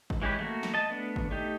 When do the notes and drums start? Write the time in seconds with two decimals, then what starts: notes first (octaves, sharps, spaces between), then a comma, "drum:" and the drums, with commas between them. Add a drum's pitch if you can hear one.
0.10 drum: kick G#1
0.22 E3 G#3 C#4 G4 B4
0.39 A3 A#3 F#4
0.63 drum: snare
0.74 D#5 A5
0.90 A3 B3 D4
1.16 drum: kick G#1
1.31 A3 D#4 G4